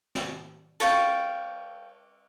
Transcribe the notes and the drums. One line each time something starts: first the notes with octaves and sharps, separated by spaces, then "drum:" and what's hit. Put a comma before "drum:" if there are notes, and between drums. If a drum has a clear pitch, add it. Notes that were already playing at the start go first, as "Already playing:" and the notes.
drum: snare
A4 C#5 F5 G5, drum: cymbal